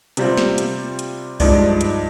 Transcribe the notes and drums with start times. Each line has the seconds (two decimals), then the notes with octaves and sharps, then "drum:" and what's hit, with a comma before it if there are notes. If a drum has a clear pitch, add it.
0.17 C3 G3 C4 F4, drum: hi-hat
0.37 drum: snare
0.58 drum: hi-hat
0.99 drum: hi-hat
1.40 G2 F3 G#3 D#4 D5, drum: kick C2, open hi-hat
1.81 drum: hi-hat